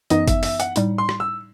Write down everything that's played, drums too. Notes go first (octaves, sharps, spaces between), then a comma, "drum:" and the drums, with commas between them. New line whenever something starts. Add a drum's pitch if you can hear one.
F#2 E3 B3 D#4 D#5, drum: hi-hat
E5, drum: kick G1, hi-hat
E5, drum: open hi-hat
F#5, drum: hi-hat
A2 G3 D#4, drum: hi-hat
C6
drum: rim click
E6